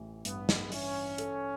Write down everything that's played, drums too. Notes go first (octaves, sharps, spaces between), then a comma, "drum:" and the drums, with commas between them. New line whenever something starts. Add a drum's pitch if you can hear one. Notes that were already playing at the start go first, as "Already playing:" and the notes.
Already playing: A1 E3
G2 B3, drum: hi-hat
drum: snare
E3 C#4, drum: open hi-hat
A4, drum: hi-hat